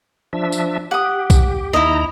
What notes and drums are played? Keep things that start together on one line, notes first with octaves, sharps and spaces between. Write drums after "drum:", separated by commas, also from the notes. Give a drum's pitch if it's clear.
F3 D4 E5
drum: tambourine
G4 F#5 D#6
drum: kick, tambourine
D#2 D#4 E4 D#5 A#5